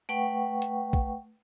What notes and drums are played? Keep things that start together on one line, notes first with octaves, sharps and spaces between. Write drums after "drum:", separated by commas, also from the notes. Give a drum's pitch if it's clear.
A3 B4 F#5 G5 C#6
drum: hi-hat
drum: kick